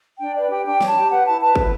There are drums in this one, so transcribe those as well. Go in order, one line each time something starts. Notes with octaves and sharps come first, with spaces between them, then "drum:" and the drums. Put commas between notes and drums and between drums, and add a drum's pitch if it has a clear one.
D4 G5
B4 D5
G4 G5
D4 G5
C#5, drum: snare
A5
G4
B4 F#5
E4 A5
B4 A5
E4, drum: kick